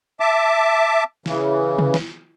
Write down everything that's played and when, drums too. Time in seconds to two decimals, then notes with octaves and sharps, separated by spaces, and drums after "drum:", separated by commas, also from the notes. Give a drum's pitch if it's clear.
0.20 E5 A5 D6
1.26 C#3 E3, drum: snare
1.79 drum: tom C3
1.94 drum: snare